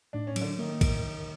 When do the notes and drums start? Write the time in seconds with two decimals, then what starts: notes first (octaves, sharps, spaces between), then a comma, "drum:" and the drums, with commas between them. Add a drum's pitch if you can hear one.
0.13 A2 D4
0.27 C#4
0.36 F#3, drum: cymbal
0.41 D3 D4
0.58 D#3 A#3 D#4
0.81 A2, drum: kick A#1, cymbal